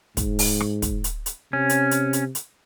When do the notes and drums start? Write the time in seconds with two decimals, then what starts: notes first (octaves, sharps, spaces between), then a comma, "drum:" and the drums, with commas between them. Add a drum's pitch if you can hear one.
0.17 G#2, drum: kick, hi-hat
0.39 drum: open hi-hat
0.60 drum: rim click
0.82 drum: kick, hi-hat
1.04 drum: hi-hat
1.26 drum: hi-hat
1.53 C3 C#4
1.69 drum: hi-hat
1.91 drum: hi-hat
2.13 drum: hi-hat
2.35 drum: hi-hat